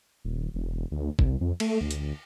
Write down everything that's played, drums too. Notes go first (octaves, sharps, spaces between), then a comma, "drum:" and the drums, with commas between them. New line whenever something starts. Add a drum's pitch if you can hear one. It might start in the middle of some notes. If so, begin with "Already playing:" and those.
D#1
E1
D2
C2, drum: kick G1
F2
A3, drum: cymbal
D2
drum: hi-hat